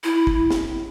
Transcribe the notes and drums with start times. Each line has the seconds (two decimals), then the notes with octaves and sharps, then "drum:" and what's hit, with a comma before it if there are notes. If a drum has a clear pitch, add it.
0.04 E4
0.27 drum: kick
0.50 drum: snare